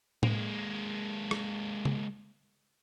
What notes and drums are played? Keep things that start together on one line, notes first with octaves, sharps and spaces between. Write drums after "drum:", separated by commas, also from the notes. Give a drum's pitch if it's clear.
G#3 A#3, drum: tom A2
drum: rim click
drum: tom C#3